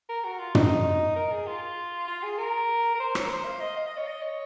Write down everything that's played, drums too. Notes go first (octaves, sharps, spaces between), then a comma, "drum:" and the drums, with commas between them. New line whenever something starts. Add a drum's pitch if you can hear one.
A#4
F#4
F4
D#4, drum: tom
A#4
G#4
F4
F4
G#4
A#4
A#4
C5
C#5, drum: rim click
A#4
C5
F5
D#5
F5
D#5
C#5
D#5
C#5